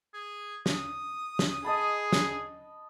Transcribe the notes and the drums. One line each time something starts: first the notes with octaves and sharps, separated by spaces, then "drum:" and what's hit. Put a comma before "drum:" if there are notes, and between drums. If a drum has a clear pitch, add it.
G#4
D#6, drum: snare
drum: snare
G#4 D#5 A5 B5
drum: snare